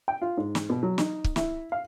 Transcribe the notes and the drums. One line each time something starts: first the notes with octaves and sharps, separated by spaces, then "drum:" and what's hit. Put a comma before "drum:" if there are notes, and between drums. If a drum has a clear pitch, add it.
G5
F4
G#2
drum: snare
B2
F#3
D#4, drum: snare
drum: kick C#1
E4, drum: snare
F5